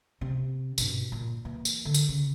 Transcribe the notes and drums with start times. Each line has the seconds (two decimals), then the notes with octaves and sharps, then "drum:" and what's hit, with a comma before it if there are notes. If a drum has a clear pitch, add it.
0.21 C3 C4
0.78 G2 B2, drum: tambourine
1.12 A#2
1.45 E3 A#3
1.65 drum: tambourine
1.85 D3
1.94 drum: tambourine
2.09 C#3